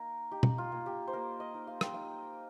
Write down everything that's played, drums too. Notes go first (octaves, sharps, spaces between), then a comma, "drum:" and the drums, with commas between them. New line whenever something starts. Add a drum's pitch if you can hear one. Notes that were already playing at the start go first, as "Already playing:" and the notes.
Already playing: A#3 D#4 A#4
D#4 G4
drum: tom B2
F4
A#3
G4
C5
A#3 A#4
D#5
D#4
F5
G5, drum: rim click
D#4 F5